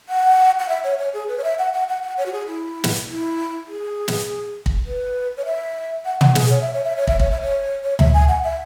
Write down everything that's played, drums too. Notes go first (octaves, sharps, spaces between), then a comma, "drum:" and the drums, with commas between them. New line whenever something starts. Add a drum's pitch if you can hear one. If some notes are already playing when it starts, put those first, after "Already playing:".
F#5
F#5
E5
C#5
C#5
G#4
B4
C#5
E5
F#5
F#5
F#5
F#5
C#5
F#4
G#4
E4
drum: snare
E4
G#4
drum: snare
drum: kick
B4
C#5
E5
F#5
F#5, drum: tom
G#4, drum: snare
C#5
E5
C#5
E5
C#5
E5, drum: kick
C#5, drum: kick
E5
C#5
C#5
E5, drum: tom D2
G#5
F#5
E5